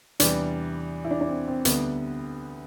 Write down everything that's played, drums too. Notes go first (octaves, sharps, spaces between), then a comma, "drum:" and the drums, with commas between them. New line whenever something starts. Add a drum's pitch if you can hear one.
E2 C3 E3 G3 D4, drum: hi-hat
E4
D4
D4
C4
C4
D2 D3 G3 B3 D4, drum: hi-hat